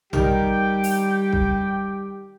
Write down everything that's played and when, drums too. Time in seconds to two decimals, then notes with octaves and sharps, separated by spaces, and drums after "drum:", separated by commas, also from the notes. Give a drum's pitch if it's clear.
0.13 D#3 G3 G4 A#4 G5, drum: tom A#1
0.84 drum: open hi-hat
1.32 drum: kick C2